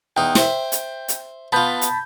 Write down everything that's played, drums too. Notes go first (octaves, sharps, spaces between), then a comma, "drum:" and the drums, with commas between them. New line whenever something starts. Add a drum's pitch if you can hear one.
E2 D#4 G5
C5 E5, drum: snare
drum: hi-hat
drum: hi-hat
B3 F4 A5 B5 G6
drum: hi-hat